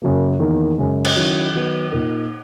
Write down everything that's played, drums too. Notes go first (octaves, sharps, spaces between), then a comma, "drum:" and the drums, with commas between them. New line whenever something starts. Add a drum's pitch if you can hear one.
F#2 C#3 F#3 A#3
E2 D#3 A#3 D#4 A#4
F#2 C#3 G#3
drum: cymbal
D#3 F#3 C#4 E4
D#3 F#3 B3
A#2 A#3 D#4 A#4